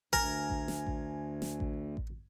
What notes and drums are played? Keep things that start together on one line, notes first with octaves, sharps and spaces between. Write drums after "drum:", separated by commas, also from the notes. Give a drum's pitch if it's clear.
D2 A#4 G#5, drum: kick A1
drum: kick A1
drum: snare
drum: kick A1
drum: snare
drum: kick A1
drum: kick A1